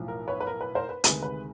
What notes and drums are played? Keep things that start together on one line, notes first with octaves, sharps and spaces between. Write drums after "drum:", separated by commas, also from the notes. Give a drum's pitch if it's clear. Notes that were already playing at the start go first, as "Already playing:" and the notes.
Already playing: B1 A2 F3
A#4
B4 C#5
B4
A#4
B4
A#4 C5
B4
D2 C3 D#3 G#3 B4, drum: hi-hat
B4